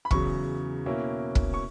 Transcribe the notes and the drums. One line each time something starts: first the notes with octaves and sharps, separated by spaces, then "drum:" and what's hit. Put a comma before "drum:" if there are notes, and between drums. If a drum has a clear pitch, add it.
B5
E2 C#3 F#3 C#6, drum: kick
B2 A#3 C#4 E4
drum: kick
C#6